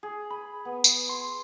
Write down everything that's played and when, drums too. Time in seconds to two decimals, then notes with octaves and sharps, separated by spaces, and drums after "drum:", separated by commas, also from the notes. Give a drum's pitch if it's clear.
0.03 G#4
0.30 B5
0.65 B3
0.84 drum: tambourine
1.09 C6